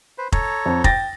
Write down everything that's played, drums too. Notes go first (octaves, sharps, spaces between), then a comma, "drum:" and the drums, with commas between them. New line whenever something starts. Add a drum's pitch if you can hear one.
B4 C5
A4 C#5 A#5, drum: kick F1
F2
G5 A6 A#6, drum: kick F1